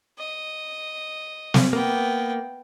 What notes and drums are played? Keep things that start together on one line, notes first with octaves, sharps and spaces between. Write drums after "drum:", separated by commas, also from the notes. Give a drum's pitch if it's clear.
D#5
drum: snare
A#3 B3 G5